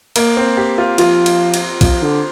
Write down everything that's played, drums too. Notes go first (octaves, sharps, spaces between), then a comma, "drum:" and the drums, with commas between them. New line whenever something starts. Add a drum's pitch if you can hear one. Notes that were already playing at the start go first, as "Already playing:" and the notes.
A#3, drum: cymbal
C4
G4
F4
F3 F4, drum: cymbal
drum: cymbal
drum: cymbal
F3, drum: kick B1, cymbal
D3